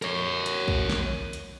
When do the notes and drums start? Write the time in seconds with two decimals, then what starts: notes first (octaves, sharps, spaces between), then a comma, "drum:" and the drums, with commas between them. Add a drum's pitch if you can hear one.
0.02 A#4 C#5, drum: hi-hat
0.46 drum: hi-hat
0.68 drum: kick
0.90 drum: snare
1.33 drum: hi-hat